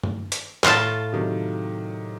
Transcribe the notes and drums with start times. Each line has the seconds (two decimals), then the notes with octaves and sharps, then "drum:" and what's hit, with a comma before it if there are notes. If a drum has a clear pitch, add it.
0.04 drum: tom G2
0.32 drum: hi-hat
0.64 A2 F4 A5, drum: clap
1.12 C3 D#3 F#3